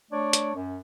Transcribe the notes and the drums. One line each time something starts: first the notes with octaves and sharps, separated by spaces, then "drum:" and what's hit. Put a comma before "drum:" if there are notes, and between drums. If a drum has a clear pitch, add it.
A3 D4 C#5 D5
drum: hi-hat
F#2